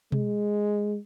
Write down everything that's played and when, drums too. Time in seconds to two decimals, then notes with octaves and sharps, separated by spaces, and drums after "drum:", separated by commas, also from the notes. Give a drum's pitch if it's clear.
0.12 G#3, drum: tom B2